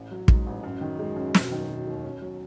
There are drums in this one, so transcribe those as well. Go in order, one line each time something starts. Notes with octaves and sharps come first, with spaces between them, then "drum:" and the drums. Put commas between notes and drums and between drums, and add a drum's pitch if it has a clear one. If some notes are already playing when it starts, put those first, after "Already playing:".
Already playing: A1
F#3
G#2, drum: kick
A1
F#2
D#3
G#3
F#2
E1, drum: snare
D#3
E1
D#2
C#4
F#3